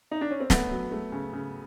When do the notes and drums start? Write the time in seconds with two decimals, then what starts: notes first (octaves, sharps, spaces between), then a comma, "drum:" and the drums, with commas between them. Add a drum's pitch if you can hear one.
0.11 D#4
0.21 D4
0.31 C#4
0.40 C4
0.50 A3 B3, drum: snare
0.71 F#3
0.92 A3
1.12 C#3
1.33 C#3